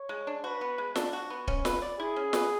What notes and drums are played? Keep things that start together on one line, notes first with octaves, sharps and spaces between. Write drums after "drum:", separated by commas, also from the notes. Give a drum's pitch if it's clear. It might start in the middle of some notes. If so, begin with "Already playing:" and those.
Already playing: C#5
G#3
D4
F#4 B4
B3
G#3
D4, drum: snare
F#4
B3
C#4, drum: kick D1
B4, drum: snare
D5
E4 G#4
C#4
B4, drum: snare